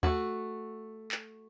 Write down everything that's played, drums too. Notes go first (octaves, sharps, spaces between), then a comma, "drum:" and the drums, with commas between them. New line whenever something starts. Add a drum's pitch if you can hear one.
A3 F#4, drum: kick D#2
drum: clap